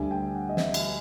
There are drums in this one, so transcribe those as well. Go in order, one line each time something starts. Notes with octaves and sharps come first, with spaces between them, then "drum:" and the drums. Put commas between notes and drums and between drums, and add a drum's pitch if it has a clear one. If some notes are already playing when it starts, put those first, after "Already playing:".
Already playing: D2 D3 G3 G#5
G5
F#5
D#5
E5, drum: snare
E5, drum: cymbal